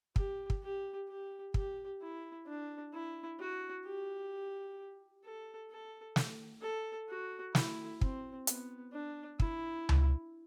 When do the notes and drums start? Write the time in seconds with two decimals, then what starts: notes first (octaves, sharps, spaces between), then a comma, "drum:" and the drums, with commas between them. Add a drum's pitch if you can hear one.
0.16 G4, drum: kick
0.50 drum: kick
0.63 G4
1.08 G4
1.54 G4, drum: kick
2.01 E4
2.47 D4
2.93 E4
3.39 F#4
3.85 G4
5.24 A4
5.71 A4
6.16 drum: snare
6.62 A4
7.09 F#4
7.55 E4, drum: snare
8.01 C4, drum: kick
8.47 B3, drum: hi-hat
8.93 D4
9.40 E4, drum: kick
9.89 drum: tom C#2